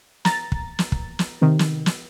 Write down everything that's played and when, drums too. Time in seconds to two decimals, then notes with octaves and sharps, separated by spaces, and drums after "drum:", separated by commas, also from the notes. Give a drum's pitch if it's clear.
0.25 A#5 A6, drum: snare
0.52 drum: kick
0.79 drum: snare
0.92 drum: kick
1.19 drum: snare
1.41 C3 D#3
1.59 drum: snare
1.86 drum: snare